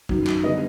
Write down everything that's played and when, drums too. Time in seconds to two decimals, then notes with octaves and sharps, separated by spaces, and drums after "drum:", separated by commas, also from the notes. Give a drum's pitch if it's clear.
0.09 F#2 D#3 F#3, drum: kick
0.27 drum: clap
0.43 D3 G3 B3 D#5